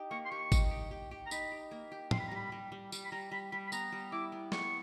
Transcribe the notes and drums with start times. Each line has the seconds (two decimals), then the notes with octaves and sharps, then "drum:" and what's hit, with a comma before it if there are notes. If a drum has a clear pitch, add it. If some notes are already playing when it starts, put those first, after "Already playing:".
Already playing: D#4 G4
0.11 A#3 C#6
0.25 C6
0.30 G4 C#6
0.52 D#4, drum: kick G#1, tambourine
0.71 G4
0.91 G4
1.11 G4
1.26 A#5
1.31 D#4 B5, drum: tambourine
1.52 G4
1.71 A#3
1.92 G4
2.11 G3 C6, drum: tom
2.19 B5
2.28 A#5
2.31 G3 B5
2.52 G3
2.72 G3
2.92 G3, drum: tambourine
3.05 B5
3.12 G3 A#5
3.31 G3 B5
3.52 G3 B5
3.66 B5
3.72 B3 A#5, drum: tambourine
3.92 G3
4.12 E4 D6
4.32 B3
4.52 B3 C#6, drum: snare